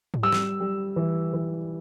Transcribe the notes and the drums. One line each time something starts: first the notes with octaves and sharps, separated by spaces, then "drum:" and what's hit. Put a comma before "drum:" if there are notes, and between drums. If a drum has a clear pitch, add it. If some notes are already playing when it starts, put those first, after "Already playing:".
drum: tom G#2
G3 E6
drum: snare
G3
E3
E3